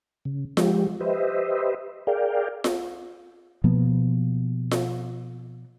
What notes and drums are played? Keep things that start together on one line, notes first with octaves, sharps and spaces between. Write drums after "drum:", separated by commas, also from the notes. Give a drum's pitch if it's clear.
C#3
F3 G#3 G4, drum: snare F4
G4 B4 C5 D#5 E5
G#4 A#4 D5 F5 G5
drum: snare F4
B2 F3 A#3 B3
drum: snare F4